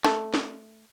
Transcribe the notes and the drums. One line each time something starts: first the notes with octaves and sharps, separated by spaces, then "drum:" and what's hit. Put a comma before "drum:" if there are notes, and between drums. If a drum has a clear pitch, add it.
A3, drum: snare
drum: snare